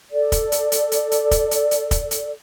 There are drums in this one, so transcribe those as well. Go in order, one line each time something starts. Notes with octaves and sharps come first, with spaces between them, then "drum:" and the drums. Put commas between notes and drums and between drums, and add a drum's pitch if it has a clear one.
A4 D5
drum: kick, hi-hat
drum: hi-hat
drum: hi-hat
drum: hi-hat
drum: hi-hat
drum: kick, hi-hat
drum: hi-hat
drum: hi-hat
drum: kick, hi-hat
drum: hi-hat